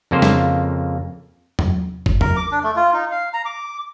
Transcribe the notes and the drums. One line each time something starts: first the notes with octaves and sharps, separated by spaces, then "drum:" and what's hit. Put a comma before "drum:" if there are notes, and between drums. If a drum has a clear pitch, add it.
F2 C#3 A#3 C5
drum: snare
drum: tom E2
drum: kick
A#4, drum: tom E2
D6
D4
A3
F4
D#4
F5
A#5
D6